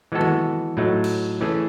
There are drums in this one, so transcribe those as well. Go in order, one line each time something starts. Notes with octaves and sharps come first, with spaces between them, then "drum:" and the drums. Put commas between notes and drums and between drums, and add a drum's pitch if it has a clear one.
E3 G#3 B3 F#4 A4
drum: tom D#3
A2 F#3 A3 D#4
drum: cymbal
E3 A3 C#4 G#4